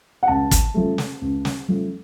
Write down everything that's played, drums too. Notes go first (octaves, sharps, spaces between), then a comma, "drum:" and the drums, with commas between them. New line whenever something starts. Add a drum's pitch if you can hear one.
F#5
C#2 A5
drum: kick, hi-hat
C#3 F3 A3
drum: snare
C#2
drum: snare
C#3 F3 A3